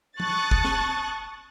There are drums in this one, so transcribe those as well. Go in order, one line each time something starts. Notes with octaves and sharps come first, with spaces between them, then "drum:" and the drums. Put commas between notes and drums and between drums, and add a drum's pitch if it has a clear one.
A5 C#6 D#6 F#6 A6, drum: tom
drum: kick
drum: snare